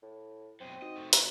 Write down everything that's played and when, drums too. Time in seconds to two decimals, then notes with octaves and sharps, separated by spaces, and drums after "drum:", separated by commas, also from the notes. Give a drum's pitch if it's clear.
0.02 A2
0.60 F#2 B2 C4
0.82 D#4 F#4 D#5
0.96 C3 A3
1.13 E3, drum: hi-hat